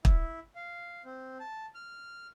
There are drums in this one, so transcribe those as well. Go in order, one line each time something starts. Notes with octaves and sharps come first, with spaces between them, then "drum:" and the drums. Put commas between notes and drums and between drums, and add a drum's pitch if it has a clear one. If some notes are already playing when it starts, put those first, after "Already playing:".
E4, drum: kick
F5
C4
A5
F6